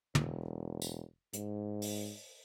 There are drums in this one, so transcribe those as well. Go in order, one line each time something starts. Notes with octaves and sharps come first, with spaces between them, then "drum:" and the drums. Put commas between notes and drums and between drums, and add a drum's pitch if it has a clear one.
E1, drum: tom
drum: tambourine
G#2, drum: hi-hat
drum: open hi-hat